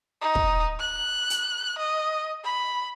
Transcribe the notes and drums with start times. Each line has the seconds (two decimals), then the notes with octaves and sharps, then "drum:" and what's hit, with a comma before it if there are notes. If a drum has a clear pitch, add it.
0.21 D#4
0.35 drum: kick
0.80 F#6
1.30 drum: hi-hat
1.78 D#5
2.44 B5